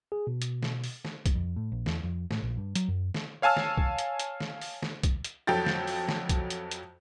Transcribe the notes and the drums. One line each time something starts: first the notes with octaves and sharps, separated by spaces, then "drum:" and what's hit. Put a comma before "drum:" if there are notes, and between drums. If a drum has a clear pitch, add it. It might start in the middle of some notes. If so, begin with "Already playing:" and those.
G#4
B2
drum: hi-hat
drum: snare
drum: open hi-hat
drum: snare
drum: kick, hi-hat
F2
A2
A#1
E2, drum: snare
F2
A2, drum: snare
A#1
G2
F#3, drum: hi-hat
F#2
drum: snare
C#5 F5 G#5 A5 E6 F6
drum: snare
drum: kick
drum: hi-hat
drum: hi-hat
drum: snare
drum: open hi-hat
drum: snare
drum: kick, hi-hat
drum: hi-hat
F2 F#3 A4 G5 G6 A6
drum: snare
drum: open hi-hat
drum: snare
drum: kick, hi-hat
drum: hi-hat
drum: hi-hat